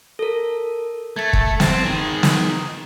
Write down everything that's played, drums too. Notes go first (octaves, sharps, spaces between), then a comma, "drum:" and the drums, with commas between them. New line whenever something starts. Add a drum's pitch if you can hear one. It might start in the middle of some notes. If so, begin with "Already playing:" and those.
A4 A#4
A3 G#6 A6
drum: kick
C4, drum: snare
D#3 G#4
drum: snare